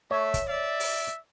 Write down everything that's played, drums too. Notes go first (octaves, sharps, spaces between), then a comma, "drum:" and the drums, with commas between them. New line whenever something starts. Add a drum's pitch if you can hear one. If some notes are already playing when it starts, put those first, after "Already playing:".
A3 C#5 E5
drum: kick, hi-hat
D5 E5
drum: open hi-hat